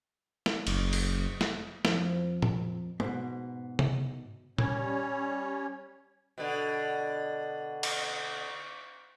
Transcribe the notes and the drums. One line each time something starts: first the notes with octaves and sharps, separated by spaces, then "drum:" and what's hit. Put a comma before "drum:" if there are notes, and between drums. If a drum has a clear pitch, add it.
drum: snare
F#1, drum: cymbal
drum: open hi-hat
drum: snare
F2 F3, drum: snare
drum: tom A#2
G#2 B2, drum: tom G#3
drum: tom C3
G3 C#4 C#5, drum: tom A#2
B2 D3
drum: cymbal